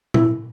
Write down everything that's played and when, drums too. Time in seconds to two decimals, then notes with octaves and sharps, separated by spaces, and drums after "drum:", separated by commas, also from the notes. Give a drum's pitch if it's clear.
0.14 E4, drum: tom A#2